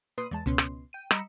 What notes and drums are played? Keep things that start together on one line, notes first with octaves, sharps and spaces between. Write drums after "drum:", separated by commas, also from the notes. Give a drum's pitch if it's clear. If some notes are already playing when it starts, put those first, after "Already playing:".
A#2 B4 C6 D#6
E2 G#3 A5
C#2 B2 B3 C#4 C6
drum: rim click
G5 D#7
G3 D#5 A#5 B5 E6 C#7, drum: rim click